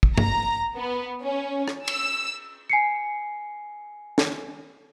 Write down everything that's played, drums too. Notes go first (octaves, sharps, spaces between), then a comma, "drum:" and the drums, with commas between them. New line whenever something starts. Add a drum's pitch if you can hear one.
drum: kick
A#5, drum: tom G2
B3
C#4
drum: rim click
E6, drum: cymbal
G#5 C7 C#7
drum: snare